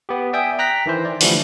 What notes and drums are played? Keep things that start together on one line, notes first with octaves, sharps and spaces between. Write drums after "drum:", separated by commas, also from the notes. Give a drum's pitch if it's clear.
B3 G4
D5 E5 G5 G#5 D#6
G5 A#5 F#6 A#6 B6
D#3 E3 E4 C5
D5
D3 E3 F3 G3 A3, drum: open hi-hat